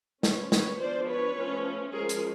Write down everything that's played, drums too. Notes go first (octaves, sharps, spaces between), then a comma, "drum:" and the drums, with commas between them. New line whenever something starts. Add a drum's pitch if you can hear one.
F3 G#3 C#4 B4 C#5, drum: snare
B4 C#5, drum: snare
F3 G#3 B3 D4 C5 D5
B4 C#5
F3 A3 C#4
F3 G#3 C#4 G#4 A#4
drum: hi-hat